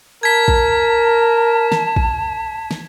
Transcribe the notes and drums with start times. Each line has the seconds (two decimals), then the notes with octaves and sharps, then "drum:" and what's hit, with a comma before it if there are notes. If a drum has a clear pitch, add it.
0.23 A#4 A5 G#6 B6
0.48 drum: kick
1.72 drum: snare
1.96 drum: kick
2.71 drum: snare